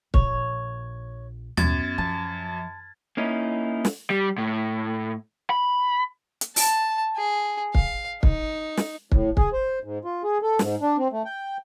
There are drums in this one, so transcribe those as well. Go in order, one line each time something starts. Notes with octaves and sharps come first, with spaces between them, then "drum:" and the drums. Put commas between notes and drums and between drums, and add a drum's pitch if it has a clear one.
A#1 C#5, drum: kick
F#2 B3 G#6 A6, drum: tom D#2
F3 A5
A#3 C#4 D#4 E4
drum: snare
G3
A2
B5
drum: hi-hat
A5, drum: open hi-hat
G#4
F5, drum: kick
D#4, drum: kick
drum: snare
A2, drum: kick
G#4, drum: kick
C5
G#2
F4
G#4
A4
G#2, drum: snare
D4
C4
A3
G5